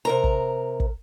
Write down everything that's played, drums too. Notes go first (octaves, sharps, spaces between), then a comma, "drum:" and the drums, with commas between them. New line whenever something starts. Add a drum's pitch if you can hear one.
C3 A#4 A#5
drum: kick
drum: kick